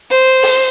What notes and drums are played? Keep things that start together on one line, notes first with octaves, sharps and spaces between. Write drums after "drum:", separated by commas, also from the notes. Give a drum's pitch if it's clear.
C5
drum: open hi-hat